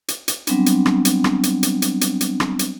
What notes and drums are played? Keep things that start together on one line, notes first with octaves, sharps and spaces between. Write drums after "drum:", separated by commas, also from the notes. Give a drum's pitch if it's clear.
drum: hi-hat
drum: hi-hat
F#3 G3 B3 C4 D4, drum: hi-hat
drum: hi-hat
drum: rim click
drum: hi-hat
drum: rim click
drum: hi-hat
drum: hi-hat
drum: hi-hat
drum: hi-hat
drum: hi-hat
drum: rim click
drum: hi-hat